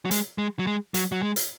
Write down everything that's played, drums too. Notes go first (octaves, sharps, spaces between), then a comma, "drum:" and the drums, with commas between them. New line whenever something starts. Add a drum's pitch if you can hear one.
F#3
G#3, drum: hi-hat
G#3
F#3
G#3
F#3, drum: hi-hat
F#3
G#3
drum: hi-hat